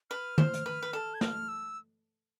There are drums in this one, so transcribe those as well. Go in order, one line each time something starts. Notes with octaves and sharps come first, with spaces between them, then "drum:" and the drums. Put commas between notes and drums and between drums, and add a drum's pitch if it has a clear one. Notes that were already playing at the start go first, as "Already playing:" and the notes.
B4 F6
C5, drum: tom
drum: hi-hat
B4
B4
A4
G#6
F6, drum: snare
E6